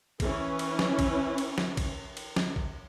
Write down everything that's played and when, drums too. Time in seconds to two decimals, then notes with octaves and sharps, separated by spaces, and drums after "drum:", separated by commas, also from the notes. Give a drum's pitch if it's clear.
0.20 E3 C#4, drum: kick A1, cymbal
0.59 drum: cymbal
0.79 drum: snare
0.99 drum: kick A1, cymbal
1.38 drum: cymbal
1.58 drum: snare
1.77 drum: kick A1, cymbal
2.17 drum: cymbal
2.36 drum: snare
2.56 drum: kick A1